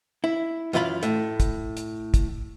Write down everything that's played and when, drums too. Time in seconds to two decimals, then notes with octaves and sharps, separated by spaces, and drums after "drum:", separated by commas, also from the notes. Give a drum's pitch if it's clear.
0.24 E4
0.73 F#2 E3 F4 F5 B5
1.03 A2, drum: hi-hat
1.40 drum: kick, hi-hat
1.77 drum: hi-hat
2.14 drum: kick, hi-hat